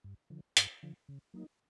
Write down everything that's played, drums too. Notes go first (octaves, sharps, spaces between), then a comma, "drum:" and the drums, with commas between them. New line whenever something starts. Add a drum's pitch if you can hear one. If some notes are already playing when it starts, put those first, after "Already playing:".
G2
D3 F3
G2, drum: hi-hat
D3 F3
C#3
F#3 A#3 D#4